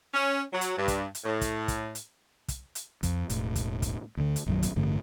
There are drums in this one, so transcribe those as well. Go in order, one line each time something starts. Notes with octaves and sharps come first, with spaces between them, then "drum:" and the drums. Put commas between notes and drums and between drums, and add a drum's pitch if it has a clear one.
C#4
F#3
drum: hi-hat
G2
drum: kick, hi-hat
drum: hi-hat
A2
drum: kick, hi-hat
drum: kick, hi-hat
drum: hi-hat
drum: kick, hi-hat
drum: hi-hat
F2, drum: kick, hi-hat
E1 A2, drum: hi-hat
drum: kick, hi-hat
drum: kick, hi-hat
D2 D3
drum: hi-hat
A#1 F#2 D#3 F#3
drum: kick, hi-hat
A1 G2 D3 A3